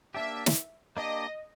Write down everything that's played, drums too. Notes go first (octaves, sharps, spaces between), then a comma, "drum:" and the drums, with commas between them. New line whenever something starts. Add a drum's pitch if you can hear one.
A#3 D4 G4 E5
drum: snare
A#3 D4 G4 D#5